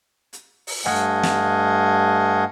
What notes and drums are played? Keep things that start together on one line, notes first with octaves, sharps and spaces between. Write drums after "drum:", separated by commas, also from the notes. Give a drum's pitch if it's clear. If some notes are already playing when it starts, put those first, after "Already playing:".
drum: hi-hat
drum: open hi-hat
G2 A3 D#5 F5 F#5 G#5, drum: rim click
drum: snare